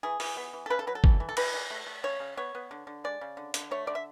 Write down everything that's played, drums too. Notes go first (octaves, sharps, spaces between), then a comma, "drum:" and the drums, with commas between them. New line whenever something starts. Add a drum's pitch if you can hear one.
E3 G#4
E3, drum: open hi-hat
B3
E3
A4
C#3 B4
A4
F#3 B4
A4
E3, drum: kick
E3
A4
E3 B4, drum: cymbal
E3
A3
A3
C#3 C#5
C#3
B3 C#5
B3
D3
D3
G#3 D5
C#3
D3
D3, drum: hi-hat
A3 C#5
D3 D5
E5